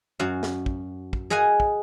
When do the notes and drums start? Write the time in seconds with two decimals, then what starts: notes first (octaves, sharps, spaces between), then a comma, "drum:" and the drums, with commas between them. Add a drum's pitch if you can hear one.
0.19 F#2 F#4 F5
0.43 drum: snare
0.66 drum: kick
1.13 drum: kick
1.30 G#4 D#5 F5 F#5 G#5
1.60 drum: kick